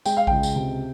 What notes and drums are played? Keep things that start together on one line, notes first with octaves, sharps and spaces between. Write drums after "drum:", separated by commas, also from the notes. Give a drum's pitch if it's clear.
G#3 G5, drum: tambourine
F5
C#2 G5, drum: kick A#1
drum: tambourine
C3